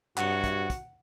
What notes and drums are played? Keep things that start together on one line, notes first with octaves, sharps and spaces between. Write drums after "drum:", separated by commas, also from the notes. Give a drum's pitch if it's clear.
G2 C3 F#3 F#4 F#5, drum: clap
drum: kick, hi-hat
drum: kick, hi-hat